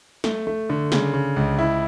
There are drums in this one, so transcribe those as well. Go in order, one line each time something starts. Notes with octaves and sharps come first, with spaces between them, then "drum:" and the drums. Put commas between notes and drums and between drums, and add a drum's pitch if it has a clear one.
A3, drum: snare
A3
D3
C#3, drum: snare
C#3
C#2
E4